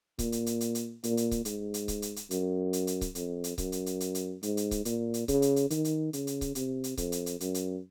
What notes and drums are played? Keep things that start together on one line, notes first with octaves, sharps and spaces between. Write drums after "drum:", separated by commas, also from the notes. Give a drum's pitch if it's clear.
A#2, drum: kick C#1, hi-hat
drum: hi-hat
drum: hi-hat
drum: hi-hat
drum: hi-hat
A#2, drum: hi-hat
drum: hi-hat
drum: kick C#1, hi-hat
G#2, drum: hi-hat
drum: hi-hat
drum: kick C#1, hi-hat
drum: hi-hat
drum: hi-hat
F#2, drum: hi-hat
drum: hi-hat
drum: hi-hat
drum: kick C#1, hi-hat
F2, drum: hi-hat
drum: hi-hat
F#2, drum: kick C#1, hi-hat
drum: hi-hat
drum: hi-hat
drum: hi-hat
drum: hi-hat
G#2, drum: hi-hat
drum: hi-hat
drum: kick C#1, hi-hat
A#2, drum: hi-hat
drum: hi-hat
C#3, drum: kick C#1, hi-hat
drum: hi-hat
drum: hi-hat
D#3, drum: hi-hat
drum: hi-hat
C#3, drum: hi-hat
drum: hi-hat
drum: kick C#1, hi-hat
C3, drum: hi-hat
drum: hi-hat
F2, drum: kick C#1, hi-hat
drum: hi-hat
drum: hi-hat
F#2, drum: hi-hat
drum: hi-hat